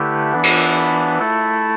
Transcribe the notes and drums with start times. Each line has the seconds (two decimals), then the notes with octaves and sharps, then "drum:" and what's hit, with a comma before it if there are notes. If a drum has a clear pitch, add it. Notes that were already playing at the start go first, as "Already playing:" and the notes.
Already playing: D3 A3 E4 G4 B4
0.32 E3 B3 D4 B4
0.44 drum: cymbal
1.19 A3 E4 A4